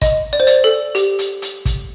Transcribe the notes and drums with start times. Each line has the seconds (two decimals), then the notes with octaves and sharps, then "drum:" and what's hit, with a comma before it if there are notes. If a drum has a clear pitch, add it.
0.02 D#5, drum: kick, hi-hat
0.33 D5
0.40 C5
0.47 D5, drum: hi-hat
0.64 A4
0.95 G4, drum: hi-hat
1.19 drum: hi-hat
1.42 drum: hi-hat
1.65 drum: kick, hi-hat